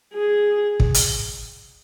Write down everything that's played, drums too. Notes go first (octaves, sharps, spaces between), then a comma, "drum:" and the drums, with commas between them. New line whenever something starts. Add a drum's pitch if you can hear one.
G#4
drum: kick
drum: hi-hat